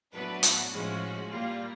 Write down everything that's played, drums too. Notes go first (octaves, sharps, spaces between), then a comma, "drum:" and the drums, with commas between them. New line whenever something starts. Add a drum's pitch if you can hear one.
A2 F#3 B3 D4 B4
F#4, drum: hi-hat
A2 F3 G#3 C#4
A#2 G3 A#3 F4